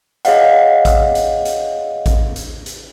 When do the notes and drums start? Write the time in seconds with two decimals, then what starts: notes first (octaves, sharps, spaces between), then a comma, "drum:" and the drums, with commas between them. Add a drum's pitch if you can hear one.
0.25 G#4 C#5 D#5 F5 F#5, drum: hi-hat
0.85 drum: kick A1, hi-hat
1.15 drum: hi-hat
1.45 drum: hi-hat
2.06 drum: kick A1, hi-hat
2.36 drum: hi-hat
2.66 drum: hi-hat